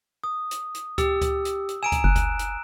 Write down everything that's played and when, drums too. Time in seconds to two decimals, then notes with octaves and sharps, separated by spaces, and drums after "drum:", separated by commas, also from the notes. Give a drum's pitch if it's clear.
0.24 D#6
0.51 drum: hi-hat
0.74 drum: hi-hat
0.98 G4 E6, drum: kick C#2, hi-hat
1.22 drum: kick C#2, hi-hat
1.45 drum: hi-hat
1.69 drum: hi-hat
1.83 G#5 A#5 D7 E7
1.92 drum: kick C#2, hi-hat
2.04 F#1 F#6
2.16 drum: kick C#2, hi-hat
2.39 drum: hi-hat